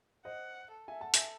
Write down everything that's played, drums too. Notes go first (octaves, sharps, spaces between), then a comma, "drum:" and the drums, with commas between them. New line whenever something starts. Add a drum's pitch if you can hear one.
C5 D#5 F#5
A4
E5 G#5
F#5 A5
E5 G#5, drum: hi-hat